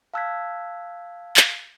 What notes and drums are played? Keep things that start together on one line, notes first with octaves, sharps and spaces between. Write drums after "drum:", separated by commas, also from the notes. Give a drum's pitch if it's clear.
F5 A5 E6 F#6 G#6 B6
drum: clap